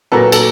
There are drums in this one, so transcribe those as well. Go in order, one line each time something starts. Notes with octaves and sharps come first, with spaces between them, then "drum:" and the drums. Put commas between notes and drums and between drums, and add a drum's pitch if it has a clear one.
A#2 F#3 A#3 A4 B4
A4, drum: cymbal